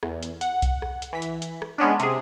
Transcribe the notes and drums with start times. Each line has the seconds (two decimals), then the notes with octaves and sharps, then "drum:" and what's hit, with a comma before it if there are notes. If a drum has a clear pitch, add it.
0.03 E2, drum: rim click
0.23 drum: hi-hat
0.41 F#5, drum: hi-hat
0.62 drum: kick B1, hi-hat
0.82 drum: rim click
1.02 drum: hi-hat
1.13 E3 B6
1.22 drum: hi-hat
1.42 drum: hi-hat
1.62 drum: rim click
1.78 G#3 B3 C#4 D4
2.00 C3 G#4, drum: hi-hat